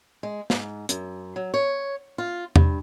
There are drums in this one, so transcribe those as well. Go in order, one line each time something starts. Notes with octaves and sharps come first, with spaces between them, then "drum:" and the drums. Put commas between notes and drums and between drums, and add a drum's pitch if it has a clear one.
G#3
G#2, drum: snare
F#2, drum: hi-hat
F#3
C#5
F4
G2, drum: tom E2